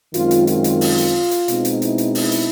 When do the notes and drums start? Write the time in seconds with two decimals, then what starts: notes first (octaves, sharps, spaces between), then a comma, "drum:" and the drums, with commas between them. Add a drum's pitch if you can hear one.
0.14 F#2 D#3 G#3 C4 F4, drum: hi-hat
0.31 drum: hi-hat
0.47 F4, drum: hi-hat
0.64 drum: hi-hat
0.81 drum: open hi-hat
0.98 drum: hi-hat
1.31 drum: hi-hat
1.48 B2 G#3 C4 D#4, drum: hi-hat
1.65 drum: hi-hat
1.82 E4, drum: hi-hat
1.98 drum: hi-hat
2.15 E4, drum: open hi-hat
2.32 drum: hi-hat